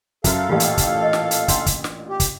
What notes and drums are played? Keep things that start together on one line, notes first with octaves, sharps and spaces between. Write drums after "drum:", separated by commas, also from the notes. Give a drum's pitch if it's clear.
F#2 F#4 A4 E5 F5, drum: kick, hi-hat
A1 A#2 F4 G4
drum: hi-hat
drum: kick, hi-hat
D#5
drum: snare
drum: hi-hat
C#4 D4 C6, drum: kick, hi-hat
drum: kick, hi-hat
drum: snare
G4
drum: kick, hi-hat